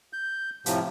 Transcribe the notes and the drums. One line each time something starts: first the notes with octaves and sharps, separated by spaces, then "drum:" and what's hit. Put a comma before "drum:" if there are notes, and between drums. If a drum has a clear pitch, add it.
G6
A2 C3 F3, drum: hi-hat